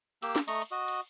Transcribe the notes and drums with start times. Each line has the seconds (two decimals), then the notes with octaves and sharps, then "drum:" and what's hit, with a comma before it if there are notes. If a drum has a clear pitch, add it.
0.22 A#3 G4 E6, drum: cymbal
0.36 drum: snare
0.48 A3 D#5 A#5 C#6, drum: cymbal
0.62 drum: cymbal
0.71 F#4 D#5
0.88 drum: cymbal